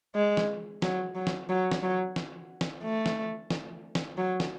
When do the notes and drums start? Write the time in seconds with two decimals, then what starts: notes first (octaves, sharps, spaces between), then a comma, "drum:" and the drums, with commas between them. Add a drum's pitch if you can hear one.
0.15 G#3
0.37 drum: snare
0.82 F#3, drum: snare
1.15 F#3
1.27 drum: snare
1.49 F#3
1.71 drum: snare
1.83 F#3
2.16 drum: snare
2.61 drum: snare
2.83 A3
3.06 drum: snare
3.50 drum: snare
3.95 drum: snare
4.17 F#3
4.40 drum: snare